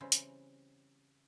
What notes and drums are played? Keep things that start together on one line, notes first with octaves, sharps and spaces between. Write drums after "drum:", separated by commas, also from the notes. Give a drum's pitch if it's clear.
C#3 E3 G3 C4
drum: hi-hat